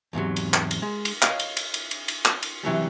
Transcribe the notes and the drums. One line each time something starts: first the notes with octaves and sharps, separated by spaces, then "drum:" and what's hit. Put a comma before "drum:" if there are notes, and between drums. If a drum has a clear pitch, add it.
E2 G#2 C3 F#3
drum: cymbal
drum: clap
drum: cymbal
G#3
drum: cymbal
C#5 D#5 F5, drum: clap
drum: cymbal
drum: cymbal
drum: cymbal
drum: cymbal
drum: cymbal
drum: clap
drum: cymbal
C3 E3 F#3 G3